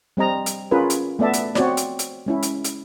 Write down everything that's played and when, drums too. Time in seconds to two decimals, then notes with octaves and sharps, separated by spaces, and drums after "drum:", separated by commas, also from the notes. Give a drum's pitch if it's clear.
0.17 G3 C4 D#5 A#5
0.46 drum: hi-hat
0.71 C#4 F4 G#4 A#4 B4
0.90 drum: hi-hat
1.19 A3 B3 D5 E5 A5
1.33 drum: hi-hat
1.55 C4 F#4 C#5 D5, drum: snare
1.77 drum: hi-hat
1.99 drum: hi-hat
2.26 G#3 C#4 E4
2.42 drum: hi-hat
2.64 drum: hi-hat